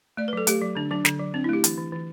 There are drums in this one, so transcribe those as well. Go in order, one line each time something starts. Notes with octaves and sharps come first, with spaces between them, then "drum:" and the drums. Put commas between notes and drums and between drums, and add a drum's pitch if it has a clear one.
A3 D5
B4
F#3 A4
A3 G4, drum: hi-hat
F#3
D3 D4
F#3 D4
D3, drum: snare
F#3
C4 D4
E4
A3 G4
E3, drum: hi-hat
E3
E3